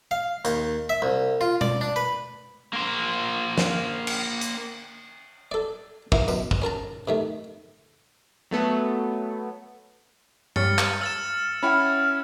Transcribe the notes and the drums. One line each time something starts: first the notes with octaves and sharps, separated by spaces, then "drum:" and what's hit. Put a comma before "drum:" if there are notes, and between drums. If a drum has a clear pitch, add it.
F5
D#2, drum: hi-hat
E5
C2
F4
D5, drum: tom B2
D4
B4
A#3 C5
drum: snare
drum: cymbal
drum: hi-hat
A4 D5
E3 A#3 E4, drum: kick
F#2 B2, drum: tambourine
drum: kick
C#4 A#4 A5 A#5
C3 D#3 A3
F#3 A3 B3 A4
G3 C#5 F6 A6 C#7, drum: tom G2
drum: clap
E6 F6 A6 E7
C#4 E4 F#5 G5 B5 F6